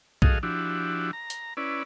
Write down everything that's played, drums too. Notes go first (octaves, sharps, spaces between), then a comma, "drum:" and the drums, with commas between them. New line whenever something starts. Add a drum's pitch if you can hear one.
F#4 G#4 A4 D#5 F5, drum: kick
F3 D4 E4 F#4 G4
A#5
drum: hi-hat
C#4 E4 B4 D5